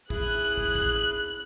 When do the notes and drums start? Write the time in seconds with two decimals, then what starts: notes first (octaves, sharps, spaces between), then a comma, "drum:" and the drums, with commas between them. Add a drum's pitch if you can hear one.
0.10 E4 G#4 F#6, drum: kick
0.58 drum: kick
0.75 drum: kick